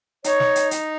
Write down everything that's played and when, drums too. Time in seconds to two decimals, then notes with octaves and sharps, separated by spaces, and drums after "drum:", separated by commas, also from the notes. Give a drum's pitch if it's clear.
0.24 D#4 C#5, drum: hi-hat
0.40 drum: snare
0.56 drum: hi-hat
0.71 drum: hi-hat